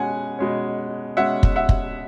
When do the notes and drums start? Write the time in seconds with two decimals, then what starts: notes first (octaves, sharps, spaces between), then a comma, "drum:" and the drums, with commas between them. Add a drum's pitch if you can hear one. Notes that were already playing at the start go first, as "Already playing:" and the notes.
Already playing: B2 G#3 C#4 F#5 G#5
0.39 B2 G#3 C#4
1.17 B2 G#3 C#4 E5 F#5
1.43 drum: kick
1.56 E5 F#5
1.69 drum: kick